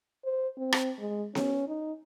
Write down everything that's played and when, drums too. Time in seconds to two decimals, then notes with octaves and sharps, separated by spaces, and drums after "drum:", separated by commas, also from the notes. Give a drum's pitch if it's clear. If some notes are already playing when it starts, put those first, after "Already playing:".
0.25 C5
0.57 C4
0.72 drum: rim click
0.99 G#3
1.35 C#4, drum: snare B3
1.68 D#4